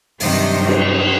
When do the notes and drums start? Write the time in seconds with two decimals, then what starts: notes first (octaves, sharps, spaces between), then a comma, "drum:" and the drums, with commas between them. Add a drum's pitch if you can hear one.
0.20 G2 C3 D#3 F#3 C5, drum: open hi-hat
0.67 drum: cymbal